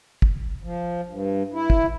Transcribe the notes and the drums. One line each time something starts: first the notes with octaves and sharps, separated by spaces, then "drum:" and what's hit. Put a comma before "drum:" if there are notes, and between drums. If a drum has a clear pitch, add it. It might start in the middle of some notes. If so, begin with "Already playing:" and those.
drum: kick
F3
G2
E4
drum: kick